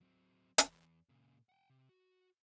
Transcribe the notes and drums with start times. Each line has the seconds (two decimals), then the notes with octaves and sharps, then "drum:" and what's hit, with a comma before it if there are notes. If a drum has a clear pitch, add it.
0.01 F#3 C4
0.58 E2, drum: hi-hat
1.09 A#2 C#3
1.49 F#5 G5
1.70 C3
1.89 F#4